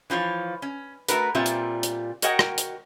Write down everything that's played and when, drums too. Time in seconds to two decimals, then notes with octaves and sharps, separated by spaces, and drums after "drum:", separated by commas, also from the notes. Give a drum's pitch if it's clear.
0.10 E3 F3 F4 C#5
0.62 C#4
1.09 A3 F#4 A#4 B4, drum: hi-hat
1.35 A#2 G3 C4 F4 E5
1.46 drum: hi-hat
1.83 drum: hi-hat
2.22 F#4 A#4 C#5 D#5 F#5 G5, drum: hi-hat
2.39 drum: rim click
2.58 drum: hi-hat